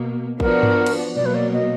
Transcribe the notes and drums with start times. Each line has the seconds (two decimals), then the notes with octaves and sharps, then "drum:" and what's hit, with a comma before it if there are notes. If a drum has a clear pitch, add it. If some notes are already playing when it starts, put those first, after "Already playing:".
Already playing: B2 A#3
0.40 F3 B3 D4 F#4 A#4, drum: kick
0.63 drum: tom G2
0.86 drum: cymbal
1.16 B2 F#3 A#3 D5
1.25 B4
1.35 D5
1.53 D#5